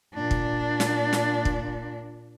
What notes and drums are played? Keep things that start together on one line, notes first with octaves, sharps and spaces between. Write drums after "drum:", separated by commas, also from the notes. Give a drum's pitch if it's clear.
A#2 D4
drum: kick
drum: snare
drum: snare
drum: kick